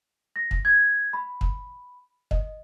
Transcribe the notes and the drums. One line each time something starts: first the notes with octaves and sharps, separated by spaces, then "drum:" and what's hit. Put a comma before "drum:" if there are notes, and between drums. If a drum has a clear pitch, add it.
A#6
drum: kick
G#6
B5
drum: kick
D#5, drum: kick